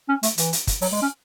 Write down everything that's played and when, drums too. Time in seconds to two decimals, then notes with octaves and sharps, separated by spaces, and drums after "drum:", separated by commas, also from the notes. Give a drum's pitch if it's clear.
0.09 C#4
0.23 A3, drum: hi-hat
0.38 E3, drum: hi-hat
0.53 drum: hi-hat
0.67 drum: kick, hi-hat
0.82 F#3, drum: open hi-hat
0.92 G#3
1.02 C#4